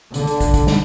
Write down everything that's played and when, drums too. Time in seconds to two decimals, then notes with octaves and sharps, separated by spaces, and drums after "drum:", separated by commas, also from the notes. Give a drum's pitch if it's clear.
0.14 D3, drum: hi-hat
0.27 drum: hi-hat
0.40 drum: kick, hi-hat
0.54 drum: kick, hi-hat
0.67 drum: snare